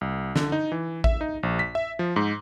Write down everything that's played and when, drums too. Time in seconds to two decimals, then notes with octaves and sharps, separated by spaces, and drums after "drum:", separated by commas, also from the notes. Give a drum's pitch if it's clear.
0.01 C2
0.36 D3, drum: snare
0.52 D#4
0.72 E3
1.04 E5, drum: kick A1
1.21 D#4
1.43 A#1
1.59 B6
1.75 E5
1.99 F3
2.16 G#2